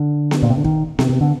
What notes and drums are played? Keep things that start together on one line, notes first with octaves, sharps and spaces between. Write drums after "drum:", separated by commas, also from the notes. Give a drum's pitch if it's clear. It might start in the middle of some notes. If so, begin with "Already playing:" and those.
Already playing: D3
drum: snare B3
A#2
C3
D3
D#3, drum: kick
C3, drum: snare B3
C3
D3